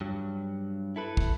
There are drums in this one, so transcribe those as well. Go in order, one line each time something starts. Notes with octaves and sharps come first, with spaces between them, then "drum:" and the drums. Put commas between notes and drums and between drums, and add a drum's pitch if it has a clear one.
G2 F#3
E4 A4 B4
drum: kick